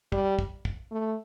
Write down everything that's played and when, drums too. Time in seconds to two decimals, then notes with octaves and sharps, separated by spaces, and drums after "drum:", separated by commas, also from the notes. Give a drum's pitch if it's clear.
0.12 G3, drum: kick
0.39 drum: kick
0.65 drum: kick
0.91 A3